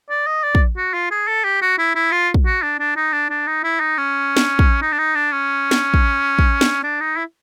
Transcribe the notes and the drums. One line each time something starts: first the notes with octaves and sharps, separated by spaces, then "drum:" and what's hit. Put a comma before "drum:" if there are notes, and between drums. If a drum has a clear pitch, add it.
D5
D#5
D5
drum: kick
F#4
F4
G#4
A4
G4
F#4
E4
E4
F4
drum: kick
F#4
D4
D4
D#4
D4
D4
D#4
E4
D#4
C#4
drum: snare
drum: kick
D#4
D4
D#4
D4
C#4
drum: snare
drum: kick
drum: kick
drum: snare
D4
D#4
E4